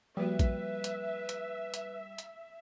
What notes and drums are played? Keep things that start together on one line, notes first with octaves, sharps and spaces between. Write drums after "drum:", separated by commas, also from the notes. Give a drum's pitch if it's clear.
F3 G3 A#3 F#4 B4 E5
drum: kick A#1, hi-hat
drum: hi-hat
drum: hi-hat
drum: hi-hat
drum: hi-hat